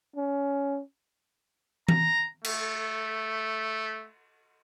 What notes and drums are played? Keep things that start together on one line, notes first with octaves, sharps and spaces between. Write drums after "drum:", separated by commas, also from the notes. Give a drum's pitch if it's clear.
C#4
A#5, drum: tom E3
A3, drum: cymbal